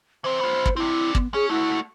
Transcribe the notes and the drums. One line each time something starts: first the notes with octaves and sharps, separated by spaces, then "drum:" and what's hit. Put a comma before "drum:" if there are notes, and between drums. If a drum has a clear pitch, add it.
E3 C4 C5
B3 F4
drum: kick
C4 D4 E4
B3, drum: kick
C#4 G#4
A3 E4 F#4